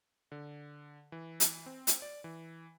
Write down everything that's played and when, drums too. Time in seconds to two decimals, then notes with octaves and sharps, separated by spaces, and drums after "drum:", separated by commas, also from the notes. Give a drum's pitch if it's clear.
0.32 D3
1.12 E3
1.40 drum: hi-hat
1.66 C4
1.87 drum: hi-hat
2.02 D5
2.24 E3